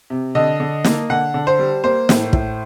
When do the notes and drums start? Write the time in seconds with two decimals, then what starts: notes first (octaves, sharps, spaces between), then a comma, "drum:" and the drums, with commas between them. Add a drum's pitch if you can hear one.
0.10 C3
0.35 D3 D#5
0.60 D3
0.85 A#3, drum: snare
1.10 D3 F#5
1.34 D3
1.47 C5
1.59 G3
1.84 A#3 C5
2.09 A2, drum: snare
2.33 A2, drum: kick